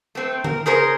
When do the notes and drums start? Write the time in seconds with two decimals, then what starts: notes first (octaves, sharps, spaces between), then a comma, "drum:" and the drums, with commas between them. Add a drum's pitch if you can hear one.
0.15 A3 C4
0.44 A#4, drum: tom D3
0.66 C#3 G#4 A#4 C5